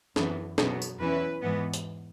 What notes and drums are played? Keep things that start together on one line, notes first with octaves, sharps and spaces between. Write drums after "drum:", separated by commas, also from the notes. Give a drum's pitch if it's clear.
F#2 E3 B3, drum: snare
B2 F#3 B3, drum: snare
drum: tambourine
E2 E3 C#4 E4 B4
G#2 E3 B3
drum: hi-hat